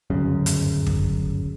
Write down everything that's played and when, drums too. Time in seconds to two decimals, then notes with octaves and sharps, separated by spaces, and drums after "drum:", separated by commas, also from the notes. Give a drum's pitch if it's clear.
0.10 D1 G1 F#2 C#3
0.46 drum: hi-hat
0.87 drum: kick